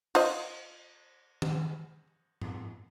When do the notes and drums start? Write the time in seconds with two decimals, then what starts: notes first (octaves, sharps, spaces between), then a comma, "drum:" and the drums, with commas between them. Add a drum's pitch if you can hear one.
0.15 F4 C5 D#5, drum: cymbal
1.42 drum: tom D#3
2.41 drum: tom G#2